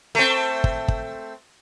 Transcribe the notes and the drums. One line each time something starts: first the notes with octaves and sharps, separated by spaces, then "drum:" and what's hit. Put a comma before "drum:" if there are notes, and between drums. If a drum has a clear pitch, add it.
A3 C4
drum: kick
drum: kick